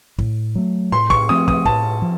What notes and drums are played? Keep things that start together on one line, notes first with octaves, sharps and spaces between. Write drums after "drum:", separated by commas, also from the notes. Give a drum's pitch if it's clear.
A2, drum: kick
F#3 A3
A2 C6
C#6, drum: kick
F3 A3 C4 D#6
D#6, drum: kick
A2 A5, drum: kick
F3